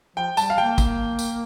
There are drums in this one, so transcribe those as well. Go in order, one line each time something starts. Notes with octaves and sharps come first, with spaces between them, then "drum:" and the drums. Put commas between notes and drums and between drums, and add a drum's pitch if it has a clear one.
F3 G5
G3 A5, drum: tambourine
F5
A#3 G5
drum: kick A1, tambourine
drum: tambourine